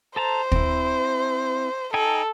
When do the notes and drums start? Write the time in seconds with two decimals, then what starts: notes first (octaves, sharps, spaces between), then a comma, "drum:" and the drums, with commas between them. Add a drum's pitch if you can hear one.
0.16 A4 C5 A5 A#5
0.52 C4 E4, drum: kick
1.94 D#4 A4 G5 G#5